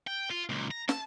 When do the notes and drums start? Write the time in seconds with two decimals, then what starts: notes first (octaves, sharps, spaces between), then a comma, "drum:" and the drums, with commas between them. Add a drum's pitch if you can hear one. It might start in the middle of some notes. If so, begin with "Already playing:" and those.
0.07 G5
0.31 F4
0.49 C#2 A#2
0.71 A#5
0.89 A5, drum: snare